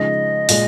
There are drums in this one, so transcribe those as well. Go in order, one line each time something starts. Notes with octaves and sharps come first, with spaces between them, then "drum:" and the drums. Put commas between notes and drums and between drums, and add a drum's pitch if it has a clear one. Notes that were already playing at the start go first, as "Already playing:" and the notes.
Already playing: C#3 F3 G#3 D#4 D#5
A#2 G#3, drum: open hi-hat